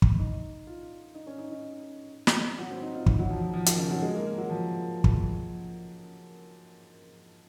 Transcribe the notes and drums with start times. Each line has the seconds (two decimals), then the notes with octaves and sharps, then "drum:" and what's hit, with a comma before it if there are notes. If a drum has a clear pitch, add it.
0.02 drum: kick
0.19 D#4
0.67 F4
1.15 D#4
1.26 C#4
1.38 D#4
1.51 D#4
2.27 drum: snare
2.58 F#3
2.70 C4
2.82 D#4
2.95 F4
3.07 D#4, drum: kick
3.19 F#3
3.31 F3
3.42 F3
3.54 F3
3.66 D#3, drum: hi-hat
3.78 C#3
3.91 F#3
4.02 G#3
4.14 A#3
4.26 A#3
4.38 F#3
4.49 F3
5.04 drum: kick